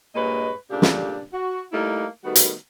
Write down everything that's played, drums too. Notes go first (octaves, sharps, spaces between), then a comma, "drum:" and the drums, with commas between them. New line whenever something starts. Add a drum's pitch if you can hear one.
G2 A#2 G#3 B4 C#5 D#5
A#2 C#3 A3 D4 G4
drum: snare
F#4
G3 A3 A#3 D#4 E4
D#3 G3 A3 B3 F#4
drum: hi-hat